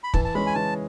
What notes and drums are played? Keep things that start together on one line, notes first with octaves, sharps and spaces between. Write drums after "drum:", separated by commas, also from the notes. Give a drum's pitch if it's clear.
B5
E3 A5, drum: kick
A5
G#3 C#4 B5
G#5
E3 A5